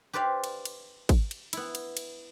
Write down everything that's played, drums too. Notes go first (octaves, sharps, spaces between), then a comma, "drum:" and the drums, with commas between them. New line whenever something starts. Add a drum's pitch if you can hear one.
G4 B4 C5 D5 F5
drum: cymbal
drum: cymbal
drum: kick, cymbal
drum: cymbal
B3 E4, drum: cymbal
drum: cymbal
drum: cymbal